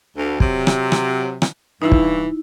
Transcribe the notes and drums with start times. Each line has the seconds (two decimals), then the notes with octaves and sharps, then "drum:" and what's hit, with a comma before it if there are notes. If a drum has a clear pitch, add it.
0.17 D2 F5
0.40 C3 F#3, drum: kick
0.67 drum: rim click
0.92 drum: rim click
1.42 drum: rim click
1.82 G2 E3 D#4 E4
1.92 drum: kick